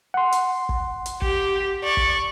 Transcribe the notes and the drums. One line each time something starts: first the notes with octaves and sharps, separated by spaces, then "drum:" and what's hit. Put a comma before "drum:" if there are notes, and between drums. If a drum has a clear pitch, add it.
F#5 C6
drum: hi-hat
drum: kick
drum: hi-hat
G4, drum: kick
D5 C#6
drum: kick